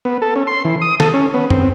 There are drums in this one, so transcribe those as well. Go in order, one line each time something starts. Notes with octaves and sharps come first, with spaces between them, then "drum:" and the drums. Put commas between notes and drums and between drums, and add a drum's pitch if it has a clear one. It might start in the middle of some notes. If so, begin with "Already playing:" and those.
B3
A4
C#4
C6
E3
D#6
A4, drum: snare
C#4
B3
C4, drum: tom F#2